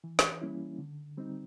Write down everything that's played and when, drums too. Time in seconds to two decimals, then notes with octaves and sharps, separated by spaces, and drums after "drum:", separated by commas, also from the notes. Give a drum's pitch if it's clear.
0.04 E3
0.19 drum: snare
0.42 G3 A#3 C#4 E4
0.79 D3
1.17 G3 C4 D#4